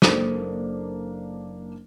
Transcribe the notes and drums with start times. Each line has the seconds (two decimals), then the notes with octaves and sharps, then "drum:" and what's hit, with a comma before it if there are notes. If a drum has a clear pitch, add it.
0.02 F#1 A#3 D4 A4 A#4 C5, drum: snare